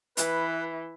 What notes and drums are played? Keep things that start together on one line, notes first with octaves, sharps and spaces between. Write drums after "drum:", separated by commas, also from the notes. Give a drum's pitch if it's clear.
E3 B4, drum: hi-hat